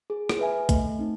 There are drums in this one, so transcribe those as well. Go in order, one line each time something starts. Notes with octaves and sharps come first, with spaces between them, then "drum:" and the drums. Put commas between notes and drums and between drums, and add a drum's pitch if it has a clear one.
G#4
drum: rim click
B4 E5 G#5
A3, drum: kick, hi-hat
C4 D#4